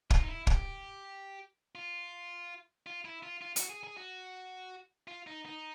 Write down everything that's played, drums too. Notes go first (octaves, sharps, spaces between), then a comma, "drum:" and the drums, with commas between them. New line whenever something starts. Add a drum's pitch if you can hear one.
F4, drum: kick
D#4
E4
G4, drum: kick
F4
F4
E4
F4
F4
F#4, drum: hi-hat
G#4
G#4
F#4
F4
D#4
D#4